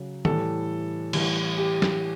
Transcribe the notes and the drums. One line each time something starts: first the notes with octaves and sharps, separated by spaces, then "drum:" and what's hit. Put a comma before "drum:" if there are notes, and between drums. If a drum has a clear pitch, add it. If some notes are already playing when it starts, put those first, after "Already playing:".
Already playing: C#3 F#3
A2 E3 G3 A4, drum: tom
A2 E3 G3, drum: cymbal
G4
drum: snare